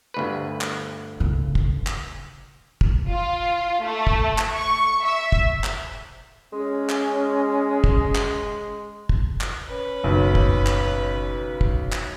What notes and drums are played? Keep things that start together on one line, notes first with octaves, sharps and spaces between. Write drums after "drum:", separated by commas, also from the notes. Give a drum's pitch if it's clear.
G1 D2 B4
drum: clap
C#3
drum: kick
drum: clap
drum: kick
F4
A3
drum: kick
drum: clap
C#6
E5
drum: kick
drum: clap
G#3 C#4
drum: clap
drum: kick
drum: clap
drum: kick
drum: clap
C#4 B4
F#1 B1
drum: kick
drum: clap
drum: kick
drum: clap